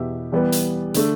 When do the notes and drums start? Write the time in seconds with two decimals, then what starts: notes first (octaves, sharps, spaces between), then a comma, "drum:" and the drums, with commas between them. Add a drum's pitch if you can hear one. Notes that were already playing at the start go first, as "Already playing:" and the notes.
Already playing: E2 B2 B3 G4 E5
0.32 E3 G3 B3 G4 B4
0.52 drum: hi-hat
0.94 D3 A3, drum: hi-hat